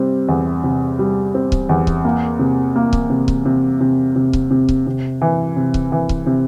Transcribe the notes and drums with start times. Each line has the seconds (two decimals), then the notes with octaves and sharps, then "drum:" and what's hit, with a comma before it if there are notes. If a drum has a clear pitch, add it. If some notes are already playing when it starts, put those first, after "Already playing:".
Already playing: C3 G3 C4
0.28 E2
0.64 C3
0.99 G3
1.34 C4
1.52 drum: kick C#1
1.69 E2
1.87 drum: kick C#1
2.05 A#3
2.39 C3
2.76 A#3
2.93 drum: kick C#1
3.10 C3
3.28 drum: kick C#1
3.45 C3
3.81 C3
4.16 C3
4.33 drum: kick C#1
4.51 C3
4.69 drum: kick C#1
4.87 C3
5.22 E3
5.56 C3
5.74 drum: kick C#1
5.92 E3
6.09 drum: kick C#1
6.26 C3